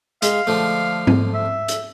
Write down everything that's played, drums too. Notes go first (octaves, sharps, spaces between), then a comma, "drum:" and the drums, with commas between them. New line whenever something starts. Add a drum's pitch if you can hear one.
G#3 F5, drum: hi-hat
D3 F3 A3
drum: tom
E5
drum: hi-hat